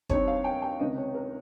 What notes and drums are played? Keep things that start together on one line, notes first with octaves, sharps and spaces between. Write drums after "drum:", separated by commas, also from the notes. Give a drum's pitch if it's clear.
D#2 D#3 G3 C4 D#4 C#5, drum: kick
F5
G5
G5
C#2 C3 D#3 D#5
C#5
A#4